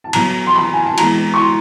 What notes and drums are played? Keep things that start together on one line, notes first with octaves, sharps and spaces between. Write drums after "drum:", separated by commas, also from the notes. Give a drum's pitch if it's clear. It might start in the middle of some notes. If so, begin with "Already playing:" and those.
A5
B2 F#3 B3 A#5, drum: cymbal
C6
B5
G#5
A5
E3 G#3 B3 A#5, drum: cymbal
C#6
C6